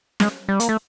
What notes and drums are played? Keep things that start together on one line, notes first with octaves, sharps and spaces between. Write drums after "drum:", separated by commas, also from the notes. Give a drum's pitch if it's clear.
G#3, drum: snare
G3
A#3, drum: hi-hat
A3